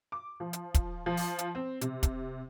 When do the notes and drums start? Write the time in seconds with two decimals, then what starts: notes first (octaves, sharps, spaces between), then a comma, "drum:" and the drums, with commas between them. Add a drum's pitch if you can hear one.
0.12 D6
0.40 F3
0.53 drum: hi-hat
0.74 drum: kick, hi-hat
1.06 F3
1.17 drum: open hi-hat
1.39 drum: hi-hat
1.55 C4
1.81 C3, drum: hi-hat
2.03 drum: kick, hi-hat